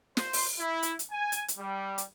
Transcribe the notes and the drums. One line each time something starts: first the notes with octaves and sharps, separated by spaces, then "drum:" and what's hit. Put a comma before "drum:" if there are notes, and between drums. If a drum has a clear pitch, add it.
C5, drum: snare
drum: open hi-hat
E4
drum: hi-hat
drum: hi-hat
G#5
drum: hi-hat
drum: hi-hat
G3
drum: hi-hat